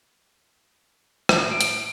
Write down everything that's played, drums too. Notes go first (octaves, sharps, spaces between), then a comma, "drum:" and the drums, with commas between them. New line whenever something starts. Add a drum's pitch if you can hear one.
A2, drum: rim click
D7
drum: hi-hat